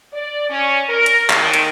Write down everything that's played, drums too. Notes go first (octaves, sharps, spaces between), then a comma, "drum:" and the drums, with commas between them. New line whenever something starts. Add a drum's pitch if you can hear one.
D5
C#4
A#4
drum: hi-hat
D#3, drum: clap
drum: hi-hat